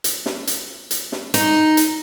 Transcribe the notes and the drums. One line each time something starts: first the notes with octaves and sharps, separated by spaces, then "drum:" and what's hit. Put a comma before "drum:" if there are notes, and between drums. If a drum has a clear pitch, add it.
drum: hi-hat
drum: snare
drum: hi-hat
drum: hi-hat
drum: snare
D#4, drum: hi-hat
drum: hi-hat